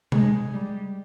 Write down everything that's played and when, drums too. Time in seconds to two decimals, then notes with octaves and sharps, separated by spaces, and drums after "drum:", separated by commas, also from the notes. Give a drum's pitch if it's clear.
0.12 G#3, drum: tom C3
0.53 G3